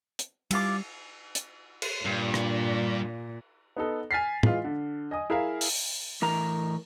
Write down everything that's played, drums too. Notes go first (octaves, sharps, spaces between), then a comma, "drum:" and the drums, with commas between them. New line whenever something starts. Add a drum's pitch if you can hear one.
drum: hi-hat
G3 E4 F4 D6, drum: cymbal
drum: hi-hat
drum: cymbal
G2 A#2
drum: rim click
B3 D#4 A4
G#5 F6 A6 B6 C7
E3 G#3 F4, drum: tom
D3
D#5 G#5 D#6
E4 G#4 A#4 E5 F5
drum: open hi-hat
A2 E3 A#4 A#5